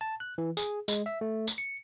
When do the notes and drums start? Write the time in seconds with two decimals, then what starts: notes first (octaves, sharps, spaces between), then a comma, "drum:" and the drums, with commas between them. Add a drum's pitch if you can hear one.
0.01 A5
0.20 F#6
0.38 E3
0.57 G#4, drum: tambourine
0.88 G#3, drum: tambourine
1.06 E5
1.21 A3
1.47 drum: tambourine
1.58 C#7